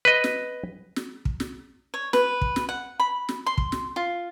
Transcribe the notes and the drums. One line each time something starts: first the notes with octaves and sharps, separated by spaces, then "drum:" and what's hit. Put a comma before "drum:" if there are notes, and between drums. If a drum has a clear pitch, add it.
B4 D#5
drum: snare
drum: snare
drum: kick
drum: snare
C#5
B4, drum: snare
drum: kick
drum: snare
F#5
B5
drum: snare
C6
drum: kick
drum: snare
F4